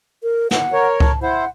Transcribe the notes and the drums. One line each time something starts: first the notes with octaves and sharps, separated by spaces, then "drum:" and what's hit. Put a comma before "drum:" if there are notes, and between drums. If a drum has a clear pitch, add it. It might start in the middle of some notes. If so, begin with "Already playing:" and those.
A#4
F#5, drum: snare
A#4 C#5
A5, drum: kick C#2
E4 C5 F#5